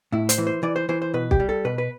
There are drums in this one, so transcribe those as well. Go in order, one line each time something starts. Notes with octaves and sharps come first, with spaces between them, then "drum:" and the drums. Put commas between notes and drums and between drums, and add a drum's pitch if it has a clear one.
A2 E4
C5, drum: hi-hat
E3
C5
E3 D5
C5
E3 C5
C5
B2 B4
G4, drum: kick B1
G3
A4
B2 B4
B4